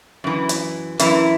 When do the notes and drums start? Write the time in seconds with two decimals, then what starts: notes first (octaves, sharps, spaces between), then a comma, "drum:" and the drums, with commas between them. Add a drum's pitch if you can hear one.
0.24 F#2 E3
0.49 drum: hi-hat
0.99 F#2 E3 E4, drum: hi-hat